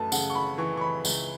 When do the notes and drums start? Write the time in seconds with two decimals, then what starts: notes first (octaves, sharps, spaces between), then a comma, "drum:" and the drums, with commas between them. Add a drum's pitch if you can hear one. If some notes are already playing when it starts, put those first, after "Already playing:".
Already playing: F#2 A3 B4 A5
0.12 C#3 F#5, drum: tambourine
0.30 C#6
0.35 B5
0.58 E3 C#6
0.77 C#6
0.81 B5
1.05 C#2, drum: tambourine